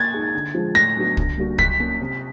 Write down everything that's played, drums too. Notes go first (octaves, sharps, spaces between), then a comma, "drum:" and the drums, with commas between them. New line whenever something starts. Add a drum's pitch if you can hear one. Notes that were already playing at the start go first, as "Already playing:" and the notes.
Already playing: A#3 G#6 A6
D#4 G#4
D3
F3 G#3
A2 A#6
F#3 B3 D4 F#4
D3, drum: kick
G3 A#3 D4 F#4
F#3 B6, drum: kick
A#3 C#4
C3